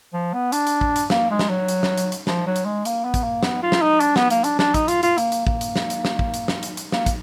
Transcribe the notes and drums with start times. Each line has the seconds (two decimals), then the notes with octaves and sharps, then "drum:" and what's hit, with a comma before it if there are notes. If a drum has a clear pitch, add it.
0.13 F3
0.33 B3
0.52 D4, drum: hi-hat
0.67 drum: hi-hat
0.81 drum: kick
0.96 drum: hi-hat
1.10 A#3, drum: snare
1.30 G#3
1.39 drum: snare
1.49 F#3
1.68 drum: hi-hat
1.83 drum: snare
1.98 drum: hi-hat
2.12 drum: hi-hat
2.27 F3, drum: snare
2.47 F#3
2.56 drum: hi-hat
2.65 G#3
2.85 A#3, drum: hi-hat
3.04 B3
3.14 drum: kick, hi-hat
3.23 A#3
3.43 B3, drum: snare
3.63 F4
3.72 drum: snare
3.81 D#4
4.00 D4, drum: hi-hat
4.16 B3, drum: snare
4.30 A#3, drum: hi-hat
4.44 D4, drum: hi-hat
4.59 D4, drum: snare
4.74 D#4, drum: kick, hi-hat
4.88 F4, drum: hi-hat
5.03 F4, drum: hi-hat
5.18 A#3, drum: hi-hat
5.32 drum: hi-hat
5.47 A#3, drum: kick
5.61 drum: hi-hat
5.76 drum: snare
5.90 drum: hi-hat
6.05 drum: snare
6.19 drum: kick
6.34 drum: hi-hat
6.48 drum: snare
6.63 drum: hi-hat
6.77 drum: hi-hat
6.92 A#3, drum: snare
7.06 drum: kick, hi-hat